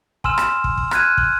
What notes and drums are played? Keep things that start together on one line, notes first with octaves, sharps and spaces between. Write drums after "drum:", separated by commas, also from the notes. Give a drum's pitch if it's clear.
G#5 C6 E6 F6 E7, drum: kick
drum: rim click
drum: kick
drum: kick
F6 F#6 G#6 D#7, drum: rim click
drum: kick